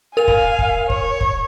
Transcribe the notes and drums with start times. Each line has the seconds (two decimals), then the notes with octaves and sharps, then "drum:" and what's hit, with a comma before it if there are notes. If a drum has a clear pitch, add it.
0.17 A#4 F5 G#5 F7
0.28 drum: kick
0.59 drum: kick
0.90 C#5, drum: kick
1.21 drum: kick